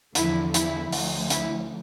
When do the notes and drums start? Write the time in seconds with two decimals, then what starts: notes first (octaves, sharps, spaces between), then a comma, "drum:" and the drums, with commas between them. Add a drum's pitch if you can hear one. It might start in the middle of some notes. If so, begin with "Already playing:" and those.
0.15 E2 D3 F3 E4, drum: hi-hat
0.54 E4, drum: hi-hat
0.92 D2 D3 F3, drum: open hi-hat
1.30 E4, drum: hi-hat